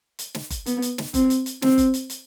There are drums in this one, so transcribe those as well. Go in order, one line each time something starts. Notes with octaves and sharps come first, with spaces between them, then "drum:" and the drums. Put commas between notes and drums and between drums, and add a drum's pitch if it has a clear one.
drum: hi-hat
drum: snare
drum: kick F#1, hi-hat
B3, drum: hi-hat
drum: hi-hat
drum: snare
C4, drum: kick F#1, hi-hat
drum: hi-hat
drum: hi-hat
C4, drum: snare
drum: kick F#1, hi-hat
drum: hi-hat
drum: hi-hat